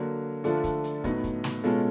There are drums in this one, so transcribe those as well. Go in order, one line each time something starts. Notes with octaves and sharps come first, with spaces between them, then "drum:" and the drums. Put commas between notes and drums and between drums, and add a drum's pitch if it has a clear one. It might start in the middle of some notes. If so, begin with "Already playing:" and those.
Already playing: D3 F#3 A#3
D3 F3 A3 D4 F4, drum: hi-hat
drum: kick, hi-hat
drum: hi-hat
A2 F#3 B3 D#4, drum: kick, hi-hat
drum: kick, hi-hat
drum: snare
B2 G#3 C#4 F4 A4, drum: hi-hat